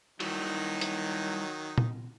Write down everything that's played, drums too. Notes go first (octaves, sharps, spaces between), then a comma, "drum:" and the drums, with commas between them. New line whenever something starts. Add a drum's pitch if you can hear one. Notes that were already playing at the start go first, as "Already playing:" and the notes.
D#3 F#3 G3 D#4 E4 F#4, drum: cymbal
drum: hi-hat
drum: tom